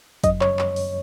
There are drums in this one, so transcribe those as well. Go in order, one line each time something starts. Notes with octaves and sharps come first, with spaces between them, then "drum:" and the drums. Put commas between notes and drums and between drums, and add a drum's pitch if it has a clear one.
F#2 D#5, drum: kick, hi-hat
C#5, drum: clap
drum: clap
drum: open hi-hat